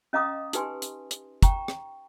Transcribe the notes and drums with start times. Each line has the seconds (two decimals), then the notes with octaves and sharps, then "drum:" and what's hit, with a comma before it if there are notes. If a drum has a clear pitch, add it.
0.13 C#4 D#5 F5 A#5 D6 D#6
0.53 D#4 G4 B4 G#5 C6, drum: hi-hat
0.82 drum: hi-hat
1.11 drum: hi-hat
1.42 G5 A#5 C#6, drum: kick, hi-hat
1.68 drum: rim click